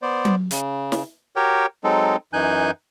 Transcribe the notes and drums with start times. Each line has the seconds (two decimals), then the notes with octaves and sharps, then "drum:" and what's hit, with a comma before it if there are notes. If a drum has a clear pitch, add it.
0.02 B3 C5 D5
0.25 drum: tom F#3
0.51 C#3, drum: hi-hat
0.92 drum: snare
1.36 F#4 G4 A#4 C#5 G5
1.84 F#3 G#3 C4 D#4 A4
2.33 F#2 E3 D#4 G#5 F#6 G6